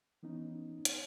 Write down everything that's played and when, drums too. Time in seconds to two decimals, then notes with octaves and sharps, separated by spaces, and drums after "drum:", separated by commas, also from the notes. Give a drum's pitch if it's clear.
0.23 E3 B3 C#4 D#4
0.85 drum: hi-hat